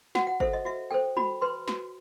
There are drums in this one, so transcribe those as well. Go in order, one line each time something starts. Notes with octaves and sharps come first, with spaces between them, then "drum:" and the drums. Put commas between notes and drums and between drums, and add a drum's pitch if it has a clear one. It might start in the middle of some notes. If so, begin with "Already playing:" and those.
F#4 F#5, drum: snare
F#5
A4 C5 E5, drum: kick
D#5
F#4 E5
A4 C5 G5
F#4 B5, drum: tom G3
B4 C6
F#4, drum: snare